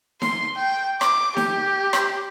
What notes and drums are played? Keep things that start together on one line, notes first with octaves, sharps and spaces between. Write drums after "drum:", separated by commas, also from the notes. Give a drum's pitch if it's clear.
C6, drum: snare D#4
G5
D6, drum: rim click
G4, drum: snare D#4
drum: rim click